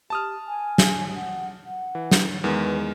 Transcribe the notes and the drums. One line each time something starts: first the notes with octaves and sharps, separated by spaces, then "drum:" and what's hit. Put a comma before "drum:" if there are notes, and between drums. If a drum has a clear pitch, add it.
G4 A5 D#6 F6
G#5
drum: snare
F#5
F#5
E3
drum: snare
E2 D#3 G#3 B4